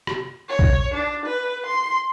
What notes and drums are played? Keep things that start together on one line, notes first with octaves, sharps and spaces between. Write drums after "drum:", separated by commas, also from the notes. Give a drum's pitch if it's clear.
drum: rim click
C#5
drum: kick A#1
D4
B4
C6